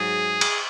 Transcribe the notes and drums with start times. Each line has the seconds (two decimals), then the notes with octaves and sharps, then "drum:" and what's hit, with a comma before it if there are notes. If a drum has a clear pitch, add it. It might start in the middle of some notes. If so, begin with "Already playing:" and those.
Already playing: G#2 F#3 G#4
0.41 drum: cymbal